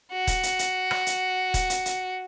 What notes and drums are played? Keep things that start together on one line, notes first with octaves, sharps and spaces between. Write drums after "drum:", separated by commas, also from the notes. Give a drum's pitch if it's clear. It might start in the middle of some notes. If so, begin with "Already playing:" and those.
F#4
drum: kick D#1, hi-hat
drum: hi-hat
drum: hi-hat
drum: rim click
drum: hi-hat
drum: kick D#1, hi-hat
drum: hi-hat
drum: hi-hat